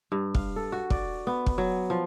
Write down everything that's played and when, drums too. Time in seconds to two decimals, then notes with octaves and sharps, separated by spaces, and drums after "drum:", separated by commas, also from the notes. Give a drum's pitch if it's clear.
0.12 G2
0.35 F5, drum: kick
0.56 A4
0.72 F#4
0.90 D5, drum: kick
1.27 B3
1.46 drum: kick
1.58 F#3
1.90 F3